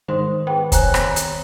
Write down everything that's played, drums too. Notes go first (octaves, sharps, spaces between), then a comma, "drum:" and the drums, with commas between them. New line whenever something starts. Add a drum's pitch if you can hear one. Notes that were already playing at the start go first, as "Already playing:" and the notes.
G#2 D#3 C5 C6 D#6
B3 G#4 F#5 G5
C5 C#5 G#5 A#5 F#6, drum: kick, hi-hat
drum: rim click
drum: hi-hat